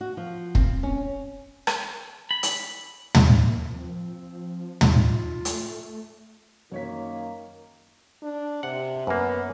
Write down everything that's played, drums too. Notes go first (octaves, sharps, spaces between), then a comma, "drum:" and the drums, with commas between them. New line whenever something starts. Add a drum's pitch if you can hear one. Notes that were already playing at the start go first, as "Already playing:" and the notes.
F#4
F3
C4, drum: kick
C#4
drum: rim click
B5
drum: hi-hat
drum: tom
A#3
F3 C4
D#4 F4, drum: tom
A3, drum: hi-hat
F#2 D#3 A#3 C#5 B6
D4
C3 F#5
F#2 A#3 B3